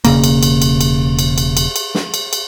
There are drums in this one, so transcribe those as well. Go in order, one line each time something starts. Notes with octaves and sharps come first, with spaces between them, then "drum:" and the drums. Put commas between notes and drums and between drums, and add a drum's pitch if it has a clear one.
E1 C#3 A#3, drum: cymbal
drum: cymbal
drum: cymbal
drum: cymbal
drum: cymbal
drum: cymbal
drum: cymbal
drum: cymbal
drum: cymbal
drum: snare
drum: cymbal
drum: cymbal